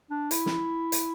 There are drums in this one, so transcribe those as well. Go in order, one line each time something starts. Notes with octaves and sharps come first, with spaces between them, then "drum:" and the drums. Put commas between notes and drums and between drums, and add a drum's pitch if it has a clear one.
D4
E4, drum: hi-hat
drum: snare
drum: hi-hat